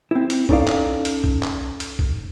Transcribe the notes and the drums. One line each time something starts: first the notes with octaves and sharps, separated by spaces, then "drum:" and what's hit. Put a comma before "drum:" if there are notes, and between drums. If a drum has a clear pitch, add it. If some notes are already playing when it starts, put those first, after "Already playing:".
C4 E4
drum: hi-hat
C#4 D#4 A4 C#5 D5 F5, drum: kick B1
drum: clap
drum: hi-hat
drum: kick B1
drum: clap
drum: hi-hat
drum: kick B1